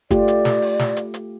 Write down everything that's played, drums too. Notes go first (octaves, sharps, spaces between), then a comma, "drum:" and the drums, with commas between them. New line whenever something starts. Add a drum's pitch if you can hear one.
A3 F4 G4 D5, drum: kick, hi-hat
drum: hi-hat
drum: snare
drum: open hi-hat
drum: snare
drum: hi-hat
drum: hi-hat